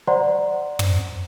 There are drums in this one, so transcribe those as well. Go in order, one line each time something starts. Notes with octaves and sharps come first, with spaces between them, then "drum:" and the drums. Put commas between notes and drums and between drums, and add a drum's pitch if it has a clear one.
C5 D5 F#5 A#5 C6
drum: tom